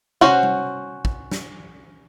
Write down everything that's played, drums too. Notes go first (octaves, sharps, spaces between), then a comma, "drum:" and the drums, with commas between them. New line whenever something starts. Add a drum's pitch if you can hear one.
C#4 F#4 C5 F#5, drum: tom
drum: tom G3
drum: kick
drum: snare